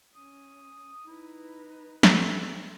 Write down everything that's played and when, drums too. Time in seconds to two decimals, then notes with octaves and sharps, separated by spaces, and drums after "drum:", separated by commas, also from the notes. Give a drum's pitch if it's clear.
0.15 C#4 D#6
1.07 D#4 E4 B4
2.03 A4, drum: snare